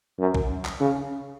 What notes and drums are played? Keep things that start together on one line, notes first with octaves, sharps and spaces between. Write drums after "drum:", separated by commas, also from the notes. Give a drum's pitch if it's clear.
F#2
drum: kick A#1
drum: clap
C#3